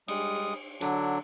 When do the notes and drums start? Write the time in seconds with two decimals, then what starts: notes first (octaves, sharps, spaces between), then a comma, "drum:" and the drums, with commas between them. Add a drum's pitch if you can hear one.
0.08 G3 G#3 D#6, drum: cymbal
0.81 D3 F#3 D4, drum: hi-hat